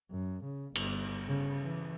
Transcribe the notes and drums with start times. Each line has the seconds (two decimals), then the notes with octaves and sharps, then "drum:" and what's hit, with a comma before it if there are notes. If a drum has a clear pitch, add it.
0.11 F#2
0.44 C#3
0.75 G1, drum: cymbal
1.28 C#3
1.62 E3